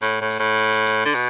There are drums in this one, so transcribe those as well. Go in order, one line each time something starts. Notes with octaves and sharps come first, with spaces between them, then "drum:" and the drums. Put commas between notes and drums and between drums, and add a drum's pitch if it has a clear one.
A2, drum: tambourine
A2
drum: tambourine
A2
drum: tambourine
drum: tambourine
drum: tambourine
D3
B2, drum: tambourine